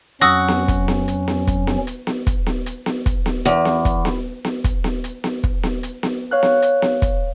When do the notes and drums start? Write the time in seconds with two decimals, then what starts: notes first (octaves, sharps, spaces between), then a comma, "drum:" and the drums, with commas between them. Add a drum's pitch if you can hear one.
0.21 F2 F#3 C#4 F#4 D#6 E6 A#6
0.48 drum: snare B3
0.68 drum: kick, hi-hat
0.88 drum: snare B3
1.08 drum: hi-hat
1.28 drum: snare B3
1.47 drum: kick, hi-hat
1.67 drum: snare B3
1.87 drum: hi-hat
2.07 drum: snare B3
2.27 drum: kick, hi-hat
2.46 drum: snare B3
2.66 drum: hi-hat
2.86 drum: snare B3
3.06 drum: kick, hi-hat
3.26 drum: snare B3
3.45 E2, drum: hi-hat
3.65 drum: snare B3
3.85 drum: kick, hi-hat
4.05 drum: snare B3
4.45 drum: snare B3
4.64 drum: kick, hi-hat
4.84 drum: snare B3
5.04 drum: hi-hat
5.24 drum: snare B3
5.44 drum: kick
5.63 drum: snare B3
5.83 drum: hi-hat
6.03 drum: snare B3
6.31 C#5 F5 F#6
6.43 drum: snare B3
6.62 drum: hi-hat
6.82 drum: snare B3
7.02 drum: kick, hi-hat